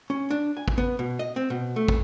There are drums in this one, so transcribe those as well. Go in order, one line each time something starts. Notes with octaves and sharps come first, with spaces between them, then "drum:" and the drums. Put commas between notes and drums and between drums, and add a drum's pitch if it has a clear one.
C#4
D4
G#5
drum: kick
B3
B2
D#5
C4
B2
A3
drum: kick